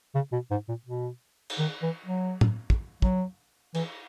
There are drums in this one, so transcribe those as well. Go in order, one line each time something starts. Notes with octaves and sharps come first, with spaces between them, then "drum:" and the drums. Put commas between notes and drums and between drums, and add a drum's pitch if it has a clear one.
C#3
B2
G#2
A#2
B2
drum: cymbal
D#3
E3
F#3
drum: tom
drum: kick
F#3, drum: kick
E3, drum: cymbal